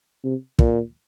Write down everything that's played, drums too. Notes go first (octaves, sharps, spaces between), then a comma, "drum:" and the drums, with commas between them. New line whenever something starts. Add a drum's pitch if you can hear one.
C3
A#2, drum: kick